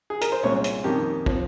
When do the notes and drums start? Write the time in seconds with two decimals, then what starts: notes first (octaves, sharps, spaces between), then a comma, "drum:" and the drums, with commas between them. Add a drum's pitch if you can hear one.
0.10 G#4
0.21 A#4, drum: hi-hat
0.32 C5
0.43 C2 A#2 G#3 C#4 C#5
0.64 drum: hi-hat
0.84 F2 D#3 A#3 C#4 G4
1.26 F3 C4, drum: kick